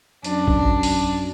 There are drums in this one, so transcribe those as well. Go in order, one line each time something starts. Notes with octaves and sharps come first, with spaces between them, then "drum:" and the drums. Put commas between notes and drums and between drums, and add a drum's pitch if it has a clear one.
F#2 D4, drum: hi-hat
drum: kick A1
drum: open hi-hat